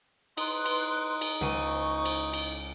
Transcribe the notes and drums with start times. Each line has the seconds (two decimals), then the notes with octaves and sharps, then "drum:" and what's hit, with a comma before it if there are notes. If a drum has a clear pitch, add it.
0.37 D#4 B4 C6 F#6, drum: cymbal
0.65 drum: cymbal
1.21 drum: cymbal
1.41 C#2 C5 C#6 D#7
2.05 drum: cymbal
2.33 drum: cymbal